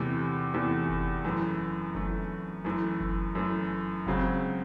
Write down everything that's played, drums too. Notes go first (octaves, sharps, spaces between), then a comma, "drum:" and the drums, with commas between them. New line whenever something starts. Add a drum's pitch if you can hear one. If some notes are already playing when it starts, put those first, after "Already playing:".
Already playing: E2 C3 E3 A3
E2 C3 E3 A3
drum: kick F#1
F#2 E3 A3
F#2 E3 A3, drum: kick F#1
F#2 E3 A3
drum: kick F#1
F#2 E3 A3
C#2 C#3 F#3 C4, drum: kick F#1